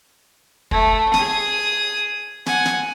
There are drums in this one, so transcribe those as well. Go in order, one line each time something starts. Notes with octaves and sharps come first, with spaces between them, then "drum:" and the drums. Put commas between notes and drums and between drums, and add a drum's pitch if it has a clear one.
A3, drum: kick
G#4 D#6, drum: snare
F#5 G#5, drum: snare
drum: snare